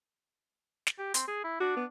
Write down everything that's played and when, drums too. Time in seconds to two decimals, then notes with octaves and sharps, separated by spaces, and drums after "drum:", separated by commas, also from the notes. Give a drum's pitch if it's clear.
0.87 drum: snare
0.99 G4
1.14 C4, drum: hi-hat
1.28 G#4
1.44 E4
1.60 D4 F#4
1.77 B3